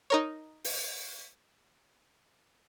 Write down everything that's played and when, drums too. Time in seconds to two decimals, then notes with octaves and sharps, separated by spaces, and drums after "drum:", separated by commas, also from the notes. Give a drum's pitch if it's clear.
0.10 D#4 A#4 C#5
0.64 drum: open hi-hat